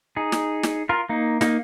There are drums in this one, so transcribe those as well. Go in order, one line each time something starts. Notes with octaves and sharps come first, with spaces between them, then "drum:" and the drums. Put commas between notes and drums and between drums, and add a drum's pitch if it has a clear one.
D#4 G#4
drum: snare
drum: snare
F4 A#4
A#3 D#4
A#3 D#4, drum: snare